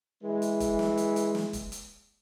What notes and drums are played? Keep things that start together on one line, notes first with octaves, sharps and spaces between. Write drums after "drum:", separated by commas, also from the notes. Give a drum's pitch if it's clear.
E3 G#3
drum: hi-hat
drum: kick, hi-hat
drum: snare
drum: hi-hat
drum: hi-hat
drum: snare
drum: kick, hi-hat
drum: hi-hat